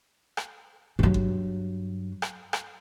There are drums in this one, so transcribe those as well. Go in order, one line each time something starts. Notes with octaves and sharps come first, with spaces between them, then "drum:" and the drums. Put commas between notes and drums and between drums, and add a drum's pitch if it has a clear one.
drum: rim click
G2 F#3
drum: kick G1
drum: rim click
drum: rim click